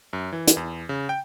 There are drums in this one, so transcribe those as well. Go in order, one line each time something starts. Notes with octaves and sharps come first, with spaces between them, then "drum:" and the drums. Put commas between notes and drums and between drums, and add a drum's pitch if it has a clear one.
F#2
E3
drum: hi-hat
E2
C#3
G5